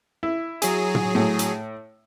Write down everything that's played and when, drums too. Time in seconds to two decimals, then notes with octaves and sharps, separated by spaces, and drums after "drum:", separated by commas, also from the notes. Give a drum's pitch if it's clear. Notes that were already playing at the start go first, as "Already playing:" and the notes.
0.23 E4
0.62 F#3 G#4, drum: hi-hat
0.95 drum: tom
1.15 A2
1.39 drum: hi-hat